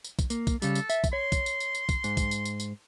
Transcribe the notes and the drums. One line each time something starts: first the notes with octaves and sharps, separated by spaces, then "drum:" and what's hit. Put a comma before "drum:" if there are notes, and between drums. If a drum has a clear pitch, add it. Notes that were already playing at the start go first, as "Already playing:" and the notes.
drum: tambourine
drum: kick, tambourine
A#3, drum: tambourine
drum: kick, tambourine
C#3 G3 A4, drum: tambourine
drum: tambourine
E5, drum: tambourine
drum: kick, tambourine
C#5 C6
drum: kick, tambourine
drum: tambourine
drum: tambourine
drum: tambourine
drum: kick, tambourine
G#2, drum: tambourine
drum: kick, tambourine
drum: tambourine
drum: tambourine
drum: tambourine